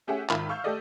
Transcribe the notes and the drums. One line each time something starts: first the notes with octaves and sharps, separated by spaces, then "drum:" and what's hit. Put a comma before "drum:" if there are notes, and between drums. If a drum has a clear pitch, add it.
A3 C#4 G4 G#4 E5 F#5
G#1 D#3 F4 E5 B5, drum: clap
F5 C#6 E6 F6 G6
A3 G4 A4 D5 D#5